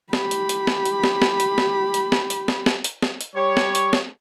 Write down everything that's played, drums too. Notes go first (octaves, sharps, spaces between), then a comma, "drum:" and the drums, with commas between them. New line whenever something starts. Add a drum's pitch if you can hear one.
G4 B5, drum: snare
drum: hi-hat
drum: hi-hat
drum: snare
drum: hi-hat
drum: snare
drum: snare
drum: hi-hat
drum: snare
drum: hi-hat
drum: snare
drum: hi-hat
drum: snare
drum: snare
drum: hi-hat
drum: snare
drum: hi-hat
G3 G4 C#5
drum: snare
drum: hi-hat
drum: snare